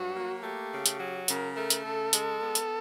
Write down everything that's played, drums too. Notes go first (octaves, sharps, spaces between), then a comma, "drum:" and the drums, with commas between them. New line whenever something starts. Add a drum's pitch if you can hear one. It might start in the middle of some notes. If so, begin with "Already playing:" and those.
Already playing: G2 F#3 F#4
A#3
A3 G4
C#3
drum: hi-hat
F#3
C#3 A#4, drum: hi-hat
A3 A#4
drum: hi-hat
C#3 A4
G#3, drum: hi-hat
B3
drum: hi-hat